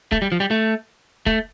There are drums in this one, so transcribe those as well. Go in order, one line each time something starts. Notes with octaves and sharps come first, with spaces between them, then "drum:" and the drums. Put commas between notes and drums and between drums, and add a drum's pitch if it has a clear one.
A3, drum: kick
G3
F3
G3
A3
A3, drum: kick